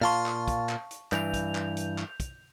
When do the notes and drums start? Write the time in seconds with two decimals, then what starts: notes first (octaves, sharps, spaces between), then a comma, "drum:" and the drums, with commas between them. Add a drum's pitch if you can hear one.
0.01 A#2 F4 F5 A5 C6 C#6
0.26 drum: clap
0.48 drum: kick, hi-hat
0.69 drum: clap
0.91 drum: hi-hat
1.12 G2 E3 G6 F7, drum: clap
1.34 drum: kick, hi-hat
1.55 drum: clap
1.77 drum: hi-hat
1.98 drum: clap
2.20 drum: kick, hi-hat